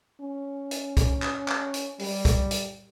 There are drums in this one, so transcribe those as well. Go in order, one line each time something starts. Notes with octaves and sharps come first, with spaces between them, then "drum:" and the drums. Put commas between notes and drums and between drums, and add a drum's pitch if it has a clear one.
C#4
drum: hi-hat
drum: kick, hi-hat
drum: clap
drum: clap
drum: hi-hat
G3, drum: open hi-hat
drum: kick, hi-hat
drum: hi-hat